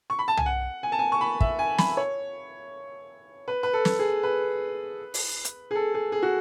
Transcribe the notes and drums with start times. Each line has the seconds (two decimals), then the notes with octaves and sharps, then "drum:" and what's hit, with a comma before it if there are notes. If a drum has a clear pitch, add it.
0.10 C#6
0.19 B5
0.28 A5
0.37 G#5, drum: tom
0.46 F#5
0.83 G#5
0.92 A5
0.99 G#5
1.12 C#6
1.21 B5
1.40 E5, drum: kick
1.59 G#5
1.78 B5, drum: snare
1.97 C#5
3.48 B4
3.63 B4
3.73 A4
3.85 drum: snare
3.99 G#4
4.23 B4
5.14 drum: open hi-hat
5.45 drum: hi-hat
5.71 G#4
5.75 A4
5.94 G#4
6.12 G#4
6.23 F#4